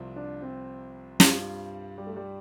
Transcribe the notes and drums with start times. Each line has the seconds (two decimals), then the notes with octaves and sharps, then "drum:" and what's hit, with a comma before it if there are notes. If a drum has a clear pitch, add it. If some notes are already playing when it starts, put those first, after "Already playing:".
Already playing: C2 C3 F3
0.16 D4
0.42 C4
1.20 G2 G3 F4, drum: snare
1.98 G3
2.07 A3
2.17 G3